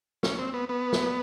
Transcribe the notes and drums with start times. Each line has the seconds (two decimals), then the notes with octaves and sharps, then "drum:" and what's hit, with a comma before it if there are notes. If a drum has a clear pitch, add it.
0.23 C#4, drum: snare
0.39 C4
0.54 B3
0.69 B3
0.93 drum: snare